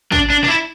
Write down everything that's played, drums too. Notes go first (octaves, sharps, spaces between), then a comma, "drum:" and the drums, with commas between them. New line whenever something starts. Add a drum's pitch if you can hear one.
D4, drum: kick
D4
D4
E4